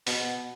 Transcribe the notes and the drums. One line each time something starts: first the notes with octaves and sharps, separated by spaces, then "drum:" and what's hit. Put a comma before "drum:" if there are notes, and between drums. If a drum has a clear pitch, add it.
B2 B3, drum: open hi-hat